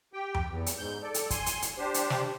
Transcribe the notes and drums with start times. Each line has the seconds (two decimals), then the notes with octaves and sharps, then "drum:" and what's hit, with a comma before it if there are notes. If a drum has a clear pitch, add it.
0.13 G4 G5
0.34 drum: tom F2
0.50 E2
0.66 drum: hi-hat
0.78 G#2 G6
1.02 A4 D5
1.14 drum: hi-hat
1.30 G#5 C6, drum: kick, hi-hat
1.46 drum: hi-hat
1.62 drum: hi-hat
1.78 D4 G4 C5
1.94 drum: hi-hat
2.10 drum: snare